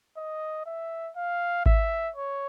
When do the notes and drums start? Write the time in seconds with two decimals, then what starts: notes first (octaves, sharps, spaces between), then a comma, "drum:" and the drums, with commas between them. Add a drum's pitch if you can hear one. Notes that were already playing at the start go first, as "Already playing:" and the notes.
0.17 D#5
0.66 E5
1.16 F5
1.66 E5, drum: kick G#1
2.16 C#5